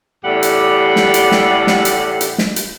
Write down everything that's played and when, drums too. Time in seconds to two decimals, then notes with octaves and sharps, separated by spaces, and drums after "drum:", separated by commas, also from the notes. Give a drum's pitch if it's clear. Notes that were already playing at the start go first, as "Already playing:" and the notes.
0.25 E2 A2 G3 G4 A4 F#5
0.43 drum: hi-hat
0.96 drum: snare
1.14 drum: hi-hat
1.32 drum: snare
1.67 drum: snare
1.85 drum: hi-hat
2.21 drum: hi-hat
2.38 drum: snare
2.56 drum: hi-hat